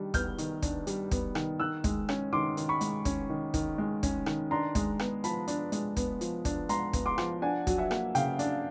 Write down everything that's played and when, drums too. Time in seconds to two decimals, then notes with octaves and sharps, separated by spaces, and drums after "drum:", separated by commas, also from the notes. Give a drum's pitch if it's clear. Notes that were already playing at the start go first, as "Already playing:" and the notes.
Already playing: D#3 G3 D4
0.14 B3 F6 G6, drum: kick, hi-hat
0.38 D#3, drum: hi-hat
0.62 D4, drum: kick, hi-hat
0.87 G3, drum: hi-hat
1.11 B3, drum: kick, hi-hat
1.35 D#3, drum: rim click
1.60 D#3 E6 F#6
1.84 G#3, drum: kick, hi-hat
2.09 C#4, drum: rim click
2.33 D#3 C6 D6
2.57 D#3, drum: hi-hat
2.69 B5 C#6
2.81 G#3, drum: hi-hat
3.05 C#4, drum: kick, hi-hat
3.30 D#3
3.54 D#3, drum: kick, hi-hat
3.78 G#3
4.03 C#4, drum: kick, hi-hat
4.26 D#3, drum: rim click
4.51 D4 A#5 C6
4.75 G#3, drum: kick, hi-hat
4.99 B3, drum: rim click
5.24 F3 A5 B5, drum: hi-hat
5.48 D4, drum: hi-hat
5.72 G#3, drum: hi-hat
5.97 B3, drum: kick, hi-hat
6.21 F3, drum: hi-hat
6.45 D4, drum: kick, hi-hat
6.69 G#3 A#5 C6, drum: hi-hat
6.93 B3, drum: kick, hi-hat
7.06 C6 D6
7.18 F3, drum: rim click
7.42 D4 F#5 G#5
7.67 F#3, drum: kick, hi-hat
7.78 E5 F#5
7.91 A#3, drum: rim click
8.15 C#3 F5 G5, drum: hi-hat
8.39 D4, drum: hi-hat